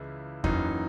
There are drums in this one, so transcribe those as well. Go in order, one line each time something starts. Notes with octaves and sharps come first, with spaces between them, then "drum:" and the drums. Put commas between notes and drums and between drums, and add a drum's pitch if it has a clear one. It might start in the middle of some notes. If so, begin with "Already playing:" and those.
Already playing: C#2 C#3 E3 E4
F#1 F#2 E3 D#4, drum: kick E2